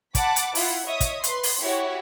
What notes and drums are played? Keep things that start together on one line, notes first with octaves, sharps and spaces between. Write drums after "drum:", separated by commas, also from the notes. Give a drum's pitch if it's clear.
F#5 A5 B5 D6, drum: kick, hi-hat
drum: hi-hat
E4 F4 F#5, drum: open hi-hat
C#5 D#5 E5 D#6
drum: kick, hi-hat
B4 C6, drum: hi-hat
drum: open hi-hat
E4 F#4 G4 C#5